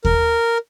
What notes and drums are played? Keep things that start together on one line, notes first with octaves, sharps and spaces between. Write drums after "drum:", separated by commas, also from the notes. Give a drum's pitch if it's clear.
A#4, drum: kick D#2